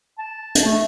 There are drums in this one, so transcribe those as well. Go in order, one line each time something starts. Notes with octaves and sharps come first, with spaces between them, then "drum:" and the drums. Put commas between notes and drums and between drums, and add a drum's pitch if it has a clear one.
A5
drum: hi-hat
A3